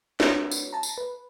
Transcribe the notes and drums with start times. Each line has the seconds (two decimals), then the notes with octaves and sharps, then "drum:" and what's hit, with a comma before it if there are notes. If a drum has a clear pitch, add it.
0.20 A3 C4 D4 F#4 B4 C#5, drum: snare
0.51 drum: tambourine
0.73 A5 A#5
0.83 drum: tambourine
0.98 B4